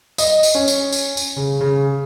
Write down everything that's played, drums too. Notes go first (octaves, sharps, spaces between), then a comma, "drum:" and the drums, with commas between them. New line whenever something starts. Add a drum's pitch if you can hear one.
D#5, drum: tambourine
drum: tambourine
C#4
drum: tambourine
drum: tambourine
drum: tambourine
C#3
C#3